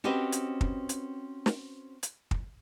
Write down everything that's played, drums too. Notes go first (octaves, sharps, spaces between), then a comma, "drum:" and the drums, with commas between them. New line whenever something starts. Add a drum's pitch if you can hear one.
C4 C#4 F#4 G4 B4 D#5
drum: hi-hat
drum: kick
drum: hi-hat
drum: snare
drum: hi-hat
drum: kick